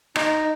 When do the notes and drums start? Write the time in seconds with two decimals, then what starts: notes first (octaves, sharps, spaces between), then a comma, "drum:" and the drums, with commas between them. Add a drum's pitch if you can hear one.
0.16 D#4, drum: rim click